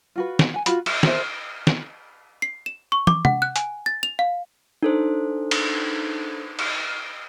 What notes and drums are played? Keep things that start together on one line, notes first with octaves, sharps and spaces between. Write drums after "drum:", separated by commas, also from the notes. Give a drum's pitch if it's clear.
F4 F#4 B4
drum: snare
F#5 G#5
F4 F#4 B5, drum: hi-hat
E5, drum: cymbal
G#4 A#4 C5 E5, drum: snare
drum: snare
C7
E7
C#6
D6, drum: tom
F#5, drum: tom
F#6
G#5, drum: hi-hat
A6
F7
F5
D4 D#4 A4 C5
drum: cymbal
drum: cymbal